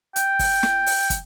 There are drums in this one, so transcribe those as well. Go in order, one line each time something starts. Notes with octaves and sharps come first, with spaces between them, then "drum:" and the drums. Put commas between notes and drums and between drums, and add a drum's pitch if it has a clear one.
G5, drum: hi-hat
drum: kick, open hi-hat
drum: snare
drum: open hi-hat
drum: kick, hi-hat